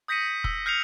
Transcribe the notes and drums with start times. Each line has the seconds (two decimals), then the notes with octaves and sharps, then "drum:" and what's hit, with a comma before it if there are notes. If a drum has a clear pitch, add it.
0.08 D#6 G6 A#6 B6 C#7 D#7
0.44 E6, drum: kick
0.66 F6 G6 C7 C#7 F7